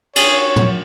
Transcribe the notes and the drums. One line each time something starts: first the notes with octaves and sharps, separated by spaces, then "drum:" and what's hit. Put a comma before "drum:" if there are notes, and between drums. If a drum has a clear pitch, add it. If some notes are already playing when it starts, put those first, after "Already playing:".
G#4 C#5, drum: cymbal
drum: tom